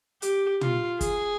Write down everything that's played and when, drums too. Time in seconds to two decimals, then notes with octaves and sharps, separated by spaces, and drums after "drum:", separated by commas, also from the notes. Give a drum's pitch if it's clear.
0.22 G4, drum: hi-hat
0.61 F4, drum: tom
1.01 G#4, drum: kick, hi-hat